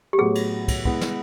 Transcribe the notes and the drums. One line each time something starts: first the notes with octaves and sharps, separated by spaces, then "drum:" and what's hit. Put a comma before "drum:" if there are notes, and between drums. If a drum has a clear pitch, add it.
G4
A2 F#3 B3 G#4
drum: cymbal
drum: kick, cymbal
G#3 B3 E4, drum: kick
drum: snare